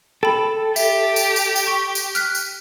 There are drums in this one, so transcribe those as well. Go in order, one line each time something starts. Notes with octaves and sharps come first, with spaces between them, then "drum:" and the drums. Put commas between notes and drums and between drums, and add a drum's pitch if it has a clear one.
A4 G5 B5
G4 E5, drum: tambourine
drum: tambourine
drum: tambourine
drum: tambourine
C#6
drum: tambourine
F6 F#6 B6, drum: tambourine
drum: tambourine